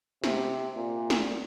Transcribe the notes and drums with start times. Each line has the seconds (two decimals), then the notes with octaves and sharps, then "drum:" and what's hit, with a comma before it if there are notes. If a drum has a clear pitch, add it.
0.24 C3, drum: snare
0.76 A#2
1.10 drum: snare